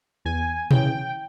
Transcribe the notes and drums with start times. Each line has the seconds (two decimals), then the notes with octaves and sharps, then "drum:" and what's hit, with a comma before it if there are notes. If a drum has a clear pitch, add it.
0.25 E2 G#5
0.71 C#3 E3 G5, drum: tom B2